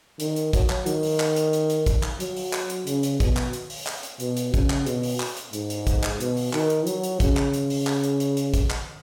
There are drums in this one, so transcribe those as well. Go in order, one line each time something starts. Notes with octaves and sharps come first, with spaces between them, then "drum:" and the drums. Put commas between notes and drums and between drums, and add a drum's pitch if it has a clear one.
D#3, drum: hi-hat
drum: hi-hat
F#3, drum: kick, hi-hat
drum: clap
D#3, drum: hi-hat
drum: open hi-hat
drum: clap
drum: hi-hat
drum: hi-hat
drum: hi-hat
drum: kick, hi-hat
drum: clap
F#3, drum: hi-hat
drum: open hi-hat
drum: clap
drum: hi-hat
C#3, drum: hi-hat
drum: hi-hat
B2, drum: kick, hi-hat
drum: clap
drum: hi-hat
drum: open hi-hat
drum: clap
drum: hi-hat
B2, drum: hi-hat
drum: hi-hat
C#3, drum: kick, hi-hat
drum: clap
B2, drum: hi-hat
drum: open hi-hat
drum: clap
drum: hi-hat
G#2, drum: hi-hat
drum: hi-hat
drum: kick, hi-hat
drum: clap
B2, drum: hi-hat
drum: open hi-hat
D#3, drum: clap
drum: hi-hat
F#3, drum: hi-hat
drum: hi-hat
C#3, drum: kick, hi-hat
drum: clap
drum: hi-hat
drum: open hi-hat
drum: clap
drum: hi-hat
drum: hi-hat
drum: hi-hat
drum: kick, hi-hat
drum: clap